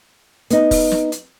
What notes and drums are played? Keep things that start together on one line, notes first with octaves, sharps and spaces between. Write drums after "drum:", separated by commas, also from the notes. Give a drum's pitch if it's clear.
B3 D#4, drum: hi-hat
drum: kick, open hi-hat
drum: snare
drum: hi-hat